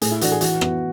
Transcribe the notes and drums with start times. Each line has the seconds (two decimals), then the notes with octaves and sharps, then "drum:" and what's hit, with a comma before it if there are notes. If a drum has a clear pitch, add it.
0.01 A2 G#4, drum: hi-hat
0.11 E4
0.21 E3 A3 D4 F#4, drum: hi-hat
0.32 G#4
0.41 E3 F#4, drum: hi-hat
0.61 B3 E4, drum: rim click